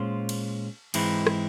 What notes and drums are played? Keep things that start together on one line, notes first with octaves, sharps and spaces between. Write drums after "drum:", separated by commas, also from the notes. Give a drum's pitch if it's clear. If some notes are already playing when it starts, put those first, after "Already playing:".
Already playing: A#2 G#3 C#4 F4 C5
drum: cymbal
G#2 E3 G#3 C4 E4, drum: cymbal
drum: rim click